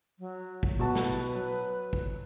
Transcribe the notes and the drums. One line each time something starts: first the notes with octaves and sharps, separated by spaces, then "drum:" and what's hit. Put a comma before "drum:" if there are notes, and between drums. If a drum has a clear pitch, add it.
F#3
drum: kick
B2 F#4 B4 A5
drum: snare
F#3
drum: kick